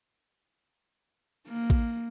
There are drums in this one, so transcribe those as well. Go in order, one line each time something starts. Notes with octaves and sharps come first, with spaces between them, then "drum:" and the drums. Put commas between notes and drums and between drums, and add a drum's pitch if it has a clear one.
A#3
drum: kick A1